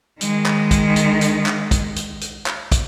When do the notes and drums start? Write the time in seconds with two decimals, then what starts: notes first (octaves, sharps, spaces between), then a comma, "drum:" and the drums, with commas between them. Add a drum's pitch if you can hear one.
0.21 D#3 G#3, drum: hi-hat
0.46 drum: clap
0.71 drum: kick, hi-hat
0.96 drum: hi-hat
1.21 drum: hi-hat
1.46 drum: clap
1.71 drum: kick, hi-hat
1.96 drum: hi-hat
2.21 drum: hi-hat
2.46 drum: clap
2.72 drum: kick, hi-hat